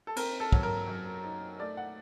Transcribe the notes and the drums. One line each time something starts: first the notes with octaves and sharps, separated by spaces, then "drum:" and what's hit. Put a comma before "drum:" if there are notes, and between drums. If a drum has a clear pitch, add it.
A4
C4 A#4, drum: cymbal
A4
F#3, drum: kick
A#4
F#2
D#4
A3 D5
F#5